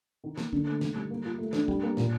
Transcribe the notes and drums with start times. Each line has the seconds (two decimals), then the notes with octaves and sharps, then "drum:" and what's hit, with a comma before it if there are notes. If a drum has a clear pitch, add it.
0.24 D#3
0.37 A#3, drum: snare
0.53 D3, drum: kick
0.66 A3
0.81 D#3, drum: snare
0.95 G3
1.11 A#3
1.25 F4
1.38 A3
1.53 D4, drum: snare
1.68 G3, drum: kick
1.83 A#3
1.97 A#2, drum: snare